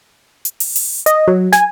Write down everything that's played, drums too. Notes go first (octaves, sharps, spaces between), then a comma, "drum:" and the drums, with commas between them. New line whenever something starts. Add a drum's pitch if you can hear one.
drum: hi-hat
drum: open hi-hat
drum: open hi-hat
D#5, drum: hi-hat
F#3
G#5, drum: snare